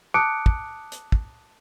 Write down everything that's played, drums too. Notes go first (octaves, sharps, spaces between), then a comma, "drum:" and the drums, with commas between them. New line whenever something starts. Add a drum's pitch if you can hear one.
A5 D6 D#6 F#6 C#7 D7
drum: kick
drum: hi-hat
drum: kick